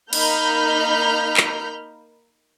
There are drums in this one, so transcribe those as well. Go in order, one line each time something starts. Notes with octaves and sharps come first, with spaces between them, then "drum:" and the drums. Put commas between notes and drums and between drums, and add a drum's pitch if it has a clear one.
A#3 D#4 A#5 B5 F6 G6, drum: cymbal
drum: clap